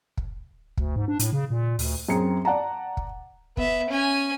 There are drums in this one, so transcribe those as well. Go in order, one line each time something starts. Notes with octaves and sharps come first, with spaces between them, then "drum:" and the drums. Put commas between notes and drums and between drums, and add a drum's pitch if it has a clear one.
drum: kick
D2, drum: kick
G#2
D4
A2, drum: hi-hat
C#3
A#2
D2, drum: open hi-hat
F#2 C4 G#4 A#5 C#7
D5 F#5 A5 A#5
drum: kick
B3 E5, drum: kick
C#4 G#5